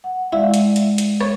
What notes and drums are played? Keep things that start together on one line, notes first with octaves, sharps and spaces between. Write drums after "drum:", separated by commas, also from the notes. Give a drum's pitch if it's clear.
F#5
G#3 E4 D5 F5
drum: hi-hat
drum: hi-hat
drum: hi-hat
C#5, drum: rim click